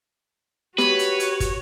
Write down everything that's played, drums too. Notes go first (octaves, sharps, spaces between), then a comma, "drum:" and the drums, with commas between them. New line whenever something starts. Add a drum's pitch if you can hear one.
F#4 G4 B4 C#5, drum: snare
drum: hi-hat
drum: hi-hat
drum: kick, hi-hat